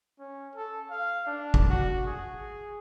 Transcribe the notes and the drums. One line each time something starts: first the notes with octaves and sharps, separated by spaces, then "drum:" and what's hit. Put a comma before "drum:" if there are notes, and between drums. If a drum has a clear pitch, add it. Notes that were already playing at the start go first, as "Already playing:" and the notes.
C#4
A4
F5
D4
drum: kick
F#4
G#4